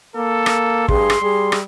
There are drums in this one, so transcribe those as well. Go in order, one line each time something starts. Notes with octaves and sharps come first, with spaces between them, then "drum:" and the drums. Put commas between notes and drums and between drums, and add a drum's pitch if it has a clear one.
A#3 A4
drum: rim click
G2 G#4 C6, drum: kick
drum: rim click
G3 G#4
drum: rim click